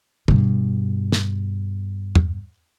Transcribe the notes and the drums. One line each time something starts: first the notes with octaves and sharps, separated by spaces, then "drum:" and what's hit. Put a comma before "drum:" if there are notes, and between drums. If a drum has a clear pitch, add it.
G2 B2, drum: tom
drum: snare
drum: tom